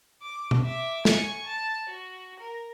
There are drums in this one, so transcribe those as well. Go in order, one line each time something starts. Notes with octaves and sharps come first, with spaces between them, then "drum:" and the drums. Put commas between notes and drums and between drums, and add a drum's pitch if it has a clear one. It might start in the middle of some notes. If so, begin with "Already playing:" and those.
D6
drum: tom B2
E5 D6
G#5 C#6, drum: snare
A5
F#4
A#4